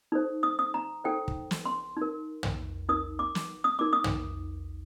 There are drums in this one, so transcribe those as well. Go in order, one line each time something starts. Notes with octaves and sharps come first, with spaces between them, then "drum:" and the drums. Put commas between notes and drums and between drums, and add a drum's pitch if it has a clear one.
D#4 A4 C5
D#6
D#6
A#5
D#4 A4 C5 G5
drum: kick
drum: snare
C6
D#4 A#4
drum: tom
D#4 A#4 D#6
D6
drum: snare
D#6
D#4 A#4 D6
D#6
drum: tom